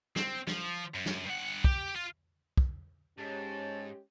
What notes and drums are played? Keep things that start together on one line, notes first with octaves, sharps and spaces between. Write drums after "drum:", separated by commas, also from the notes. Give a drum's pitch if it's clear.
C4, drum: snare
F3, drum: snare
F#2
drum: snare
G2 F#5
G4, drum: kick
F4
drum: kick
G#2 G#3 C#4 G4 C#5 A5